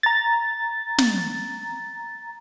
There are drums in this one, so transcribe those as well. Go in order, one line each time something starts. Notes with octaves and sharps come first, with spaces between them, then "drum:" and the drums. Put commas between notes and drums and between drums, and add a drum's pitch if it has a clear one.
A#5 A6
drum: snare